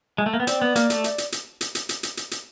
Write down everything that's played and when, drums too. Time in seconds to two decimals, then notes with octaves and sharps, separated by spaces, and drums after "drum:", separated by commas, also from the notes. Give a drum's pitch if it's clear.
0.18 G#3
0.26 A3
0.34 A#3
0.40 B3
0.47 C4 D5, drum: hi-hat
0.62 B3
0.76 A#3, drum: hi-hat
0.90 A3, drum: hi-hat
1.04 drum: hi-hat
1.18 drum: hi-hat
1.32 drum: hi-hat
1.61 drum: hi-hat
1.75 drum: hi-hat
1.89 drum: hi-hat
2.03 drum: hi-hat
2.17 drum: hi-hat
2.31 drum: hi-hat